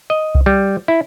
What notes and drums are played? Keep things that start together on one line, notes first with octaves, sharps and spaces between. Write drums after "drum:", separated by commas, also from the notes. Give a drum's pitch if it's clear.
D#5
drum: kick C2
G3
E4